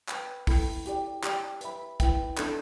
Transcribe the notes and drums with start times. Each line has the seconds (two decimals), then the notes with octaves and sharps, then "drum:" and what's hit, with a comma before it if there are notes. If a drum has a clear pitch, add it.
0.08 B4 G5 B5, drum: clap
0.47 E4 A4 G5 B5, drum: kick, open hi-hat
0.86 E4 G4 D5, drum: hi-hat
1.24 G4 D5 A5, drum: clap
1.61 B4 E5 B5, drum: hi-hat
2.00 E4 B4 E5 G5, drum: kick, hi-hat
2.38 D4 A4 E5 A5, drum: clap